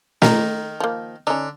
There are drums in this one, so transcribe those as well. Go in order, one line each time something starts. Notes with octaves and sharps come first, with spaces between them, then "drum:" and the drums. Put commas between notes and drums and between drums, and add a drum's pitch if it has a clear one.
D#3 D#4 A#4, drum: snare
F3 A#3
D3 C#4 D#4